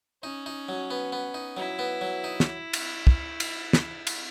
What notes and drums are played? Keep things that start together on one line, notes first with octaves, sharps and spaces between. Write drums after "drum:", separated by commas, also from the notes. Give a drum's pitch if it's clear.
C#4 D#4
D#4
F#3
B3
B3
D#4
F#3 E4
B3
F#3
D#4
drum: snare
drum: cymbal
drum: kick
drum: cymbal
drum: snare
drum: cymbal